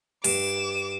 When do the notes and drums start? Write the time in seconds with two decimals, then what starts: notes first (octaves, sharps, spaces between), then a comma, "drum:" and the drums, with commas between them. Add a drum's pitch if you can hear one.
0.24 G2 D6 E7, drum: open hi-hat